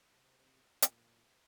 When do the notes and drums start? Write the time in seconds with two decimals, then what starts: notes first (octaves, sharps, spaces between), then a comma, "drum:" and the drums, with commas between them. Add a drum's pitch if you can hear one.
0.11 C3
0.82 A#2, drum: hi-hat